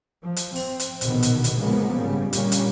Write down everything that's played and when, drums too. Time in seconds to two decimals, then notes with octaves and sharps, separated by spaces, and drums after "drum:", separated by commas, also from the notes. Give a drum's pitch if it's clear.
0.22 F3
0.36 drum: hi-hat
0.56 C4, drum: open hi-hat
0.79 drum: hi-hat
1.01 A#1 B2 D3 D#3 B3, drum: hi-hat
1.23 drum: hi-hat
1.44 drum: hi-hat
1.59 C#3 F3 G#3 A#3 B3
1.94 G#2 C#3 G3
2.33 A#2 D3 G3 A#3 C#4, drum: hi-hat
2.52 drum: hi-hat